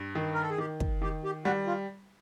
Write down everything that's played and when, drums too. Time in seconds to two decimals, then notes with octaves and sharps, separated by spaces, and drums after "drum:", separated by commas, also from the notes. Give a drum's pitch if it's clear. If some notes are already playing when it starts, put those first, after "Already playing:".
Already playing: G2
0.15 D#3
0.34 A#4
0.42 A4
0.50 G#4
0.58 D#3 G4
0.80 drum: kick
1.02 D#3 G4
1.24 G4
1.45 G3 F#4
1.67 F4